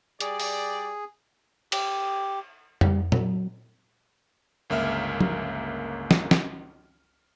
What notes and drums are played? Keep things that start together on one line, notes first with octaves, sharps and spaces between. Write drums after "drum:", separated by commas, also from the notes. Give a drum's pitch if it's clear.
G3 G4 G#4 D5, drum: hi-hat
drum: open hi-hat
G4, drum: cymbal
G3, drum: tom F2
F#3, drum: tom
G1 C#2 A#3 E5 F6
drum: tom F3
drum: snare
drum: snare